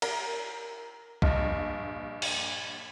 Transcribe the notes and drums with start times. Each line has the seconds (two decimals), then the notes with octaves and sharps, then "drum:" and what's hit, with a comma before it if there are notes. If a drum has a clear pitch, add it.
0.02 A#4, drum: cymbal
1.22 A#1 G2 D#5, drum: kick B1
2.22 drum: cymbal